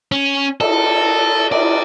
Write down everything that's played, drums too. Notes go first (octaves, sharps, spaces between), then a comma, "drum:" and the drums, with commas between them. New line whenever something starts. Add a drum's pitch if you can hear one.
C#4
A4, drum: cymbal
D5, drum: cymbal